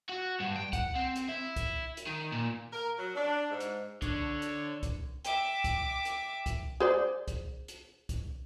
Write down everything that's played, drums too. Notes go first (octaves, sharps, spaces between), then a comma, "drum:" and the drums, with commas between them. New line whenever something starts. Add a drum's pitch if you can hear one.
F#4
G2
G5
F#5, drum: kick C2, hi-hat
C4
drum: hi-hat
E4
drum: kick C2, hi-hat
drum: hi-hat
D#3
A#2
A#4
F#3
D4
G#2
drum: hi-hat
D3 D4 C#5, drum: kick C2, hi-hat
drum: hi-hat
drum: kick C2, hi-hat
E5 G5 D6, drum: hi-hat
drum: kick C2, hi-hat
drum: hi-hat
drum: kick C2, hi-hat
G#4 C5 D5
drum: kick C2, hi-hat
drum: hi-hat
drum: kick C2, hi-hat